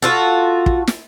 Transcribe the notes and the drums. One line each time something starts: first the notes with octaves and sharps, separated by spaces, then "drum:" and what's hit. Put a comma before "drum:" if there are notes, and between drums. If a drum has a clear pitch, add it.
F4 F#4 A4
drum: kick
drum: snare